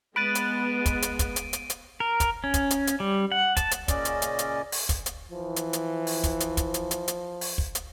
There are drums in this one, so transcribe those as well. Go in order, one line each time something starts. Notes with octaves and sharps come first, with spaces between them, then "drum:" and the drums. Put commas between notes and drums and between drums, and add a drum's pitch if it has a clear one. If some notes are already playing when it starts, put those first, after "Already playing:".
G#3 B3 B5 F#6 A6 D7 D#7
drum: hi-hat
drum: kick, hi-hat
drum: hi-hat
drum: kick, hi-hat
drum: hi-hat
drum: hi-hat
drum: hi-hat
A#4
drum: kick, hi-hat
C#4
drum: kick, hi-hat
drum: hi-hat
drum: hi-hat
G3
F#5
A5, drum: kick, hi-hat
drum: hi-hat
A#2 C#3 C#4 D5 D#5, drum: kick, hi-hat
drum: hi-hat
drum: hi-hat
drum: hi-hat
drum: open hi-hat
drum: kick, hi-hat
drum: hi-hat
E3 F3
drum: hi-hat
drum: hi-hat
drum: open hi-hat
drum: kick, hi-hat
drum: hi-hat
drum: kick, hi-hat
drum: hi-hat
drum: hi-hat
drum: hi-hat
drum: open hi-hat
drum: kick
drum: hi-hat